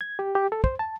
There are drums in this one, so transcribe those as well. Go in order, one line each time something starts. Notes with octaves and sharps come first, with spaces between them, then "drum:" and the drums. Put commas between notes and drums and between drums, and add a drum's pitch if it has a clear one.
G#6
G4
G4
A4
C5, drum: kick
A5